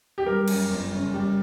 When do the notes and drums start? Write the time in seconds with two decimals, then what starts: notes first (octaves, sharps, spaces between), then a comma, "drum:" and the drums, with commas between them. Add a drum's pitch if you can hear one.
0.18 G4
0.26 G3 A#4
0.48 F#2, drum: cymbal
0.70 G1
0.92 C#3
1.14 G3